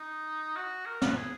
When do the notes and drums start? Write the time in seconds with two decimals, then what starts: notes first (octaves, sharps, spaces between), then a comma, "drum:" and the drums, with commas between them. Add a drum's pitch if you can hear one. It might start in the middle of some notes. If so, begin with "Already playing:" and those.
Already playing: D#4
0.56 F#4
0.86 A#4
1.02 B4, drum: snare
1.16 G#4